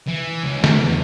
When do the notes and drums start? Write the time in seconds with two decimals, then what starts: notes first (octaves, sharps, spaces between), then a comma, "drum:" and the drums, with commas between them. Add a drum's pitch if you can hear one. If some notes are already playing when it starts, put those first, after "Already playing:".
0.08 E3
0.44 C#2
0.64 E2, drum: snare